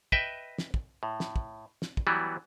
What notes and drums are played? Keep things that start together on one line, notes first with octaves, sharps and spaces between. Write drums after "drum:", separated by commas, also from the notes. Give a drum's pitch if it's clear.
B4 D#5 E5 G5, drum: kick
drum: snare
drum: kick
A2
drum: snare
drum: kick
drum: snare
drum: kick
E3 F#3 G3 B3